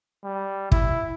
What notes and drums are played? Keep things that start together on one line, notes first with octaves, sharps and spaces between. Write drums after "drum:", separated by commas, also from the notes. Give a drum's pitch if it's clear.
G3
E4, drum: kick